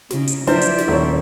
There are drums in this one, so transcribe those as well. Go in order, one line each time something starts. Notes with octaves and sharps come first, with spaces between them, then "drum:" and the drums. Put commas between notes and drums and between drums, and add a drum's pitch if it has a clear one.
C#3 D#4, drum: snare
drum: hi-hat
F3 F#3 D4 E4 B4 C5 D5 E5, drum: snare
drum: hi-hat
drum: snare
D#1 A#4 C#5